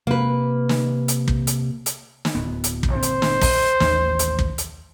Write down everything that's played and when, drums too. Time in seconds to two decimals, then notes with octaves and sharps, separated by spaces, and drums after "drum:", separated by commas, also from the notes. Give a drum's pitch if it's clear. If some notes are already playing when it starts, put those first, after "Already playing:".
0.07 C3 A#3 B4
0.69 drum: snare
1.08 drum: hi-hat
1.28 drum: kick
1.47 drum: hi-hat
1.86 drum: hi-hat
2.25 drum: snare
2.35 D1 B3
2.64 drum: hi-hat
2.83 drum: kick
2.92 G1 A#2 C4 C5
3.03 drum: hi-hat
3.22 drum: snare
3.41 drum: kick, open hi-hat
3.80 A1 D#2, drum: snare
4.19 drum: hi-hat
4.39 drum: kick
4.58 drum: hi-hat